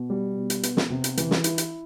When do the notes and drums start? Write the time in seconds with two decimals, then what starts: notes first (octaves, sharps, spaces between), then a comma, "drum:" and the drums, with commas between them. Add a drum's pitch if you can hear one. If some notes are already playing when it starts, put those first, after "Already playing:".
Already playing: B2
0.10 G3
0.36 B2
0.50 drum: hi-hat
0.63 B3, drum: hi-hat
0.77 drum: snare
0.90 C3
1.04 drum: hi-hat
1.17 E3, drum: hi-hat
1.31 drum: snare
1.44 E4, drum: hi-hat
1.58 drum: hi-hat